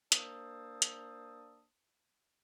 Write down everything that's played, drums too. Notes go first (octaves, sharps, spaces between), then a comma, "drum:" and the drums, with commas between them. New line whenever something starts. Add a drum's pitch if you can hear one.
A#3 D4 C5 A5 D#6 E6, drum: hi-hat
drum: hi-hat